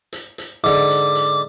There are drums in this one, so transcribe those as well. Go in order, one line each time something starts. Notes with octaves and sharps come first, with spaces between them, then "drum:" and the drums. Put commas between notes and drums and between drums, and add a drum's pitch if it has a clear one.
drum: hi-hat
drum: hi-hat
G#2 D3 D6
drum: hi-hat
drum: hi-hat